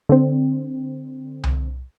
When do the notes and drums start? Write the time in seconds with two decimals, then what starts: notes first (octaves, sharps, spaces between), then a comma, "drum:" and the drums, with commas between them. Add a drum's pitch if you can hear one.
0.09 D3 C4
1.44 drum: tom C2